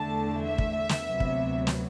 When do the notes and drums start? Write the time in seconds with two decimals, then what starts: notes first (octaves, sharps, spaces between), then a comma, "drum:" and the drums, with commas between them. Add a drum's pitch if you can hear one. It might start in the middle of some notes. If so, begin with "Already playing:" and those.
Already playing: E2 D3 A3 A5
0.43 E5
0.58 drum: kick
0.89 drum: snare
1.04 D2 C3 F#3 B3
1.20 drum: kick
1.67 drum: snare